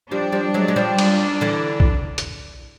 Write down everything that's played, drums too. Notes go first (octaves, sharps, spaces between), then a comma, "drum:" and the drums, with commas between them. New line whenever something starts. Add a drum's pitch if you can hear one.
F3 G3 D4
F3 G3
F#3 G#3
G#3
F3 G3
drum: cymbal
D3 E3
drum: kick B1
drum: hi-hat